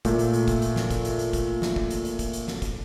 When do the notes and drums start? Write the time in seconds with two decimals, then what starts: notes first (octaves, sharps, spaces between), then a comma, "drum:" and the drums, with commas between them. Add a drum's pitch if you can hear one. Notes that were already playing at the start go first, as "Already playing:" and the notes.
0.05 A#2 A3, drum: kick, hi-hat
0.19 drum: hi-hat
0.33 drum: hi-hat
0.48 drum: kick, hi-hat
0.62 drum: hi-hat
0.76 drum: snare
0.91 drum: kick, hi-hat
1.05 drum: hi-hat
1.19 drum: hi-hat
1.33 drum: kick, hi-hat
1.62 drum: snare
1.76 drum: kick
1.91 drum: hi-hat
2.05 drum: hi-hat
2.19 drum: kick, hi-hat
2.33 drum: hi-hat
2.48 drum: snare
2.62 drum: kick, hi-hat